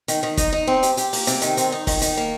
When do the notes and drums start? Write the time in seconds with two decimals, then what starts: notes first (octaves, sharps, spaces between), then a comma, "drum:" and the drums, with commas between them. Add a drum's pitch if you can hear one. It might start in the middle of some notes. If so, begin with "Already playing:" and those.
0.08 D#3, drum: hi-hat
0.23 D#3
0.37 D#4, drum: kick, hi-hat
0.53 D#4
0.67 C4
0.83 G4, drum: hi-hat
0.97 G4, drum: hi-hat
1.13 A#3, drum: open hi-hat
1.27 C3, drum: hi-hat
1.42 D#3, drum: hi-hat
1.57 C4, drum: hi-hat
1.72 D#4
1.87 D#3, drum: kick, open hi-hat
2.02 D#3, drum: hi-hat
2.17 A#3